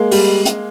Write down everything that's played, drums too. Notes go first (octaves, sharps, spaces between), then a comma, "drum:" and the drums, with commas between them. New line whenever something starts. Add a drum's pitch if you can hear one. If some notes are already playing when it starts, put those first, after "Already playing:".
Already playing: G#3 A#3
G3, drum: open hi-hat
drum: hi-hat